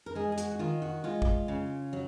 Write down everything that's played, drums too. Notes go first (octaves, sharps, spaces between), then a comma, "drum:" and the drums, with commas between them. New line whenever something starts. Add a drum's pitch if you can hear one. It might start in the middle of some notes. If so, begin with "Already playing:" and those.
A#4
G#3 G#4
G#4
F#4, drum: hi-hat
F#4
D#3 F4
F#4
G#3 F4
drum: kick A1
C#3
F#3